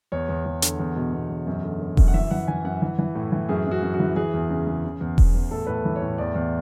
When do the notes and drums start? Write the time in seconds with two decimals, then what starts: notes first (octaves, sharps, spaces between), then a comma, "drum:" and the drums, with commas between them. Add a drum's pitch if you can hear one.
0.12 E2 C#5
0.29 E2
0.45 E2
0.62 D3, drum: hi-hat
0.79 E2
0.96 B2
1.13 B2
1.29 E2
1.47 F#2
1.64 D3
1.80 F#2
1.97 F#2, drum: kick E1
2.08 F#5
2.14 E3 E5
2.31 E3 F#5
2.48 E3 G#5
2.65 F#2 F#5
2.82 E3
2.99 E3
3.15 A2
3.32 E3
3.49 F#2 G#4
3.66 F#2
3.71 F#4
3.83 F#2
3.94 F#4
4.00 E3
4.16 E3 G#4
4.33 E2
4.50 C#3
4.67 C#3
4.84 C#3
5.01 E2
5.18 E2, drum: kick E1
5.34 E2
5.51 A2 A4
5.67 A2 B4
5.74 A4
5.85 E3
5.96 C#5
6.02 A2
6.18 E2 D5
6.35 E2